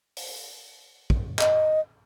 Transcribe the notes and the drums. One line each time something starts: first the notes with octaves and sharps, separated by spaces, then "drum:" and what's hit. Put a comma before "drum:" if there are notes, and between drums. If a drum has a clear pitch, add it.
drum: open hi-hat
drum: kick
D#5, drum: clap